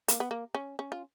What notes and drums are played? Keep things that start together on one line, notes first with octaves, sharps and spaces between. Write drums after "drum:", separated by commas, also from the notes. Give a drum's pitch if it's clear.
A#3, drum: hi-hat
B3
A#3
C#4
C#4
F4